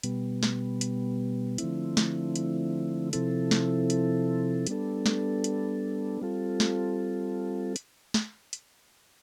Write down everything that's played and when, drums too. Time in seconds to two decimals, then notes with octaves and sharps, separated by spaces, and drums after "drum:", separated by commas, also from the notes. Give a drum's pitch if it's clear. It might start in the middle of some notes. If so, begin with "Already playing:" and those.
0.03 B2 G3 B3, drum: hi-hat
0.43 drum: snare
0.81 drum: hi-hat
1.58 D3 F3 A3 C4 E4, drum: hi-hat
1.97 drum: snare
2.36 drum: hi-hat
3.13 C3 F3 C4 E4 A4, drum: hi-hat
3.51 drum: snare
3.90 drum: hi-hat
4.67 G3 B3 D4 A4, drum: hi-hat
5.06 drum: snare
5.44 drum: hi-hat
6.22 G3 C4 F4 A4
6.60 drum: snare
7.76 drum: hi-hat
8.14 drum: snare
8.53 drum: hi-hat